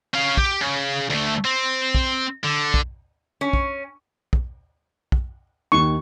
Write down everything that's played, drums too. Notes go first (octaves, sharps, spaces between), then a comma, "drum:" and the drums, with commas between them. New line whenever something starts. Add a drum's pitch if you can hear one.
C#4 F5
G4, drum: kick
C#3
D2 A3
C4
drum: kick
D3
drum: kick
C#4
drum: kick
drum: kick
drum: kick
D#2 D#3 C#6